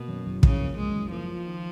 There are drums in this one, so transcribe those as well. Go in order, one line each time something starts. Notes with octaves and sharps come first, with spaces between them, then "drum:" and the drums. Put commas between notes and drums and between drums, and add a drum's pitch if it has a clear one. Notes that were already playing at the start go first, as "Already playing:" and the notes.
Already playing: B2 A#3
F#2
F#1
C#3 F3, drum: kick
A#3
F#2 G#3
F#1
F3 A#3
F4
D#3